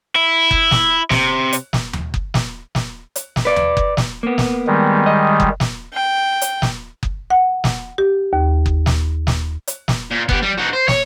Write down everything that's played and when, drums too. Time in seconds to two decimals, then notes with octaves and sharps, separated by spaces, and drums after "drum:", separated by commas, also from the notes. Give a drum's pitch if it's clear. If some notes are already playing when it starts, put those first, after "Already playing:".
0.16 E4
0.51 drum: kick F#1
0.71 drum: snare
1.10 C3, drum: snare
1.53 drum: hi-hat
1.73 drum: snare
1.93 drum: tom D#2
2.14 drum: kick F#1
2.34 drum: snare
2.75 drum: snare
3.16 drum: hi-hat
3.36 drum: snare
3.45 B4 D5
3.56 drum: tom D#2
3.77 drum: kick F#1
3.97 drum: snare
4.23 A#3 B3
4.38 drum: snare
4.67 D#3 G3 G#3
5.06 D#5
5.40 drum: kick F#1
5.60 drum: snare
5.94 G5
6.42 drum: hi-hat
6.62 drum: snare
7.03 drum: kick F#1
7.30 F#5
7.64 drum: snare
7.98 G4
8.33 D#2
8.66 drum: kick F#1
8.86 drum: snare
9.27 drum: snare
9.68 drum: hi-hat
9.88 drum: snare
10.11 A#2
10.29 B3 G4, drum: kick F#1
10.42 G3
10.58 D#4 F#4
10.73 C5
10.88 C#5, drum: snare